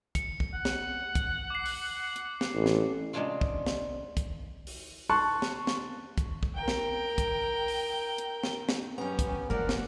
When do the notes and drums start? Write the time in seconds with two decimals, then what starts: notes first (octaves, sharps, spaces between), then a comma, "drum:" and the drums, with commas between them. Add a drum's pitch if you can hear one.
0.15 C#7, drum: kick, hi-hat
0.40 drum: kick
0.54 F#5
0.65 drum: snare
1.15 drum: kick, hi-hat
1.50 D6 C7
1.66 drum: open hi-hat
2.16 drum: hi-hat
2.41 drum: snare
2.55 A1
2.66 drum: snare
3.13 C3 G#3 C#4 D4 F4 C6
3.41 drum: kick
3.66 drum: snare
4.17 drum: kick, hi-hat
4.67 drum: open hi-hat
5.09 A5 C6 C#6 F#6
5.42 drum: snare
5.67 drum: snare
6.18 drum: kick, hi-hat
6.43 drum: kick
6.55 A#4 G5
6.68 drum: snare
7.18 drum: kick, hi-hat
7.68 drum: open hi-hat
8.18 drum: hi-hat
8.43 drum: snare
8.69 drum: snare
8.98 F#2 B3 C#4 G4 A#5
9.19 drum: kick, hi-hat
9.50 F#1 F3 A#3 A#4 D5 F#5
9.69 drum: snare